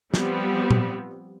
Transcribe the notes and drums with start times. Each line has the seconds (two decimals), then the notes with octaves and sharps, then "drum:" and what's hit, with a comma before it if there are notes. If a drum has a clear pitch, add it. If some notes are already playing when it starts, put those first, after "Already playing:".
0.14 F3 G3 B3 C4, drum: snare
0.71 drum: tom A#2